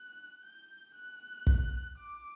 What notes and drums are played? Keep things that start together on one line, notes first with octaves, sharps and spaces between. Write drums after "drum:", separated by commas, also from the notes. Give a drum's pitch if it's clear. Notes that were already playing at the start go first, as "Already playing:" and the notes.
Already playing: F#6
G6
F#6
drum: kick
D6